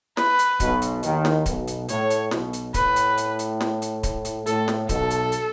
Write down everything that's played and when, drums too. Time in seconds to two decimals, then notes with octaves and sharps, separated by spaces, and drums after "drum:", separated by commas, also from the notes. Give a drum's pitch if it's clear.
0.17 B4, drum: snare
0.39 drum: hi-hat
0.60 B1 B2, drum: kick D1, hi-hat
0.82 drum: hi-hat
1.03 D#2 D#3, drum: hi-hat
1.25 drum: snare
1.46 B1 B2, drum: kick D1, hi-hat
1.68 drum: hi-hat
1.89 A2 C#5, drum: hi-hat
2.10 drum: hi-hat
2.31 B1 B2, drum: snare
2.53 drum: hi-hat
2.74 A2 B4, drum: kick D1, hi-hat
2.96 drum: hi-hat
3.18 drum: hi-hat
3.39 drum: hi-hat
3.61 drum: snare
3.82 drum: hi-hat
4.03 drum: kick D1, hi-hat
4.25 drum: hi-hat
4.47 A2 A4, drum: hi-hat
4.68 drum: snare
4.89 B1 B2 A4, drum: kick D1, hi-hat
5.11 drum: hi-hat
5.32 drum: hi-hat